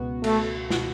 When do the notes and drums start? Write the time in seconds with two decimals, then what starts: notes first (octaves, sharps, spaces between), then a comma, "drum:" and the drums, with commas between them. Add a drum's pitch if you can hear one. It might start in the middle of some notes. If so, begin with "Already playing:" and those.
Already playing: C#2 B2 B3 F#4
0.24 A3, drum: cymbal
0.70 B2 B3 F#4, drum: snare